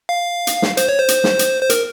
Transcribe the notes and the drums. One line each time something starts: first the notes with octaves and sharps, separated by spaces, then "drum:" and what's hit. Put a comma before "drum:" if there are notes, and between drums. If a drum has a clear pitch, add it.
F5
drum: hi-hat
drum: snare
C5, drum: hi-hat
C#5
C5
drum: hi-hat
drum: snare
drum: hi-hat
C5
A#4, drum: hi-hat